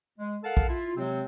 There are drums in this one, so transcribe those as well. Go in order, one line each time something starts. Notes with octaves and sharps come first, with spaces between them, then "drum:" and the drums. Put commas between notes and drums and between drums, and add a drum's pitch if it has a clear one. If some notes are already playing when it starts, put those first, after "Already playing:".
G#3
A4 A#4 F5 F#5 A5
drum: kick
E4 F4
C3 F#3 G#3 C4